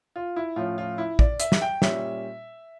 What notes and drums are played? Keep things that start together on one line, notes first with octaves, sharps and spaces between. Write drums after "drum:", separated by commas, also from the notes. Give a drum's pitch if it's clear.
F4
E4
A2 F3 C#4 F4
F4
E4
D5, drum: kick
E5, drum: hi-hat
drum: snare
G5
A#2 G3 C#4 E5, drum: snare